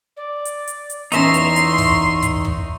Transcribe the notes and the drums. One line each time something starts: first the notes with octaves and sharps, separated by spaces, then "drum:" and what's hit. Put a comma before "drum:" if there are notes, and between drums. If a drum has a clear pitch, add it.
D5
drum: hi-hat
drum: hi-hat
drum: hi-hat
E2 E3 C#4 D#4 E5 A#5 C6 C#6, drum: hi-hat
drum: hi-hat
drum: hi-hat
drum: kick, open hi-hat
drum: kick, hi-hat
drum: kick